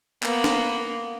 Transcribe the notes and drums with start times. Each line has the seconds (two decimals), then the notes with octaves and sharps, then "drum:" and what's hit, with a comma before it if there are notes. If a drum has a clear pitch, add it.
0.23 A#3 B3, drum: clap
0.44 drum: snare